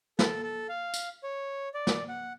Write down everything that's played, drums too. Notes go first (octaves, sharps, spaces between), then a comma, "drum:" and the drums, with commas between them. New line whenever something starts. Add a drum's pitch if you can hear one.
A4, drum: snare
A4
F5
drum: tambourine
C#5
D5
drum: snare
F#5